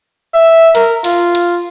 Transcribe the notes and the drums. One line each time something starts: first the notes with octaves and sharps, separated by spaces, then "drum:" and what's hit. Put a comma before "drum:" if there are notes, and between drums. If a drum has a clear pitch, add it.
E5
A#4, drum: hi-hat
F4, drum: open hi-hat
drum: hi-hat